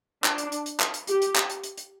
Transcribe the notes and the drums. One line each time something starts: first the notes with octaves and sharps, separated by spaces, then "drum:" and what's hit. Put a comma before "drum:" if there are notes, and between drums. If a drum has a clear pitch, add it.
D4, drum: clap
drum: hi-hat
drum: hi-hat
drum: hi-hat
drum: clap
drum: hi-hat
G4, drum: hi-hat
drum: hi-hat
drum: clap
drum: hi-hat
drum: hi-hat
drum: hi-hat